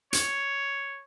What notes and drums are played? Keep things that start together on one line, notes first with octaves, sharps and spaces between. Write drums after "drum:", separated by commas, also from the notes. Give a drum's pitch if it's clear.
C#5, drum: hi-hat